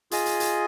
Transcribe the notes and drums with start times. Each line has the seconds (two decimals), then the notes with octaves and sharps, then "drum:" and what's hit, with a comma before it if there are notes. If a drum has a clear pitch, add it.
0.11 F4 G#4 D#5 G#5, drum: hi-hat
0.26 drum: hi-hat
0.40 drum: hi-hat